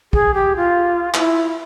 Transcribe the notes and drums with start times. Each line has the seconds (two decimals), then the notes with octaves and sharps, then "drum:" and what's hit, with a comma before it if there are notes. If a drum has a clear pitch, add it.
0.13 G#4, drum: kick
0.34 G4
0.56 F4
1.14 F4, drum: clap
1.19 E4